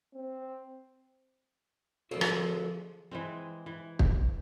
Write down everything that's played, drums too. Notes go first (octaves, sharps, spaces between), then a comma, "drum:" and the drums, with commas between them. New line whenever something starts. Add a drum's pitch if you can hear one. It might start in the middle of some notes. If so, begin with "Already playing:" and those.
C4
D2 F3 F#4 G#4 A4 C5
drum: rim click
E3 G#3 C4
E3
drum: kick